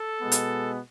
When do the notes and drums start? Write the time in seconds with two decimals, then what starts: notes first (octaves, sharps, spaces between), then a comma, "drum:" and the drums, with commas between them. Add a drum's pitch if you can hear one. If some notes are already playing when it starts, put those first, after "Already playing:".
Already playing: A4
0.21 B2 G#3 B3
0.32 drum: hi-hat